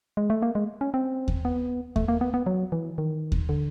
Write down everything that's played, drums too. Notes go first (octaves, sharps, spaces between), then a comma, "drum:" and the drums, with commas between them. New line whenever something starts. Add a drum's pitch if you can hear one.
G#3
A3
A#3
G#3
C#4
C4
drum: kick D#2
B3
A3, drum: kick D#2
A#3
B3
B3
F#3
E3
D#3
drum: kick D#2
D3